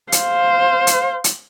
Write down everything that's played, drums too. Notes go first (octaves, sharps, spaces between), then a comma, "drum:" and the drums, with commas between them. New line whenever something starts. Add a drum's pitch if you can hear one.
C5 F5, drum: hi-hat
drum: hi-hat
drum: hi-hat